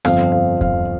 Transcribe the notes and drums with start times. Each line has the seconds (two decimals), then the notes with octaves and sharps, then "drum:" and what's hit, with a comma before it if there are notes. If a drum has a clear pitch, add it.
0.05 G1 F2 F3 C4 F5, drum: rim click
0.32 F5
0.61 F5, drum: kick E2